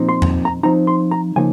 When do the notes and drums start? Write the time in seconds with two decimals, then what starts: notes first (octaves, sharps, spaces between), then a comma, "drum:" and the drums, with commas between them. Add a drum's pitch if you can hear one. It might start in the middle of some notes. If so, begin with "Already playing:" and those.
Already playing: A#2 F3 C4 D#4
0.09 C6
0.22 drum: tom E2
0.45 A#5
0.63 F3 C4 D#4 A#5
0.87 C6
1.11 A#5
1.36 C#3 F3 A#3 D#4 G#5